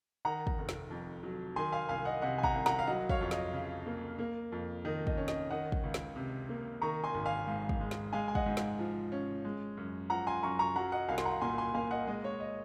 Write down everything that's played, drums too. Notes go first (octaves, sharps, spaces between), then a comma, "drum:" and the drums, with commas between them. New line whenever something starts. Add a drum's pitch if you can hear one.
D#3 F#5 A#5
drum: kick
F1
drum: snare
F2
F#3
D#3 G#5 C6
F5 G#5
C2 F5 G#5
D#5 F#5
C3 D#5 F#5
G#5
F#5 A#5, drum: kick
C2
F#5 A#5, drum: snare
F5
F#3 D#5 F#5
C#5 F5, drum: kick
F2
D#5, drum: snare
C#3
A#3
A#3
F2
D#3 D#5
D#5, drum: kick
C#4
D#5, drum: snare
D#3 D#5 F#5
drum: kick
C#2
drum: snare
C3
A#3
D#3 A#5 C#6
G#5 C6
G#1
F5 G#5
G#2
drum: kick
G#3
drum: snare
G#3 F5 G#5
G#5
D#5 F#5, drum: kick
G#2
drum: snare
F3
C#4
G#3
F#2
F3 F#5 A#5
G#5 C6
F#2 A#5 C#6
A#5 C#6
F#3 F#5 A#5
D#5 F#5
C2 F5 G#5
C6, drum: snare
F#5 A#5
A#2 G#5 C6
G#5 C6
A#3 F5 G#5
D#5 F#5
G#3 D#5
C#5
D#5